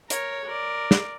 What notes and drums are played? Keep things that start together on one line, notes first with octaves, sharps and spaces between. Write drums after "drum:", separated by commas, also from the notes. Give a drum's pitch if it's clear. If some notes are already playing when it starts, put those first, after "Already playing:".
A#4 C#5, drum: hi-hat
A#4 D5
drum: snare